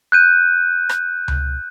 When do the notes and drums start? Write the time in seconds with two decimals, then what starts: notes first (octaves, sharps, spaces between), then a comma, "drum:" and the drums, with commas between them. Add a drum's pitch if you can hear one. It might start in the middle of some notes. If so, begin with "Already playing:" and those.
0.12 F#6 G6 D#7
0.89 drum: rim click
1.28 drum: tom C#2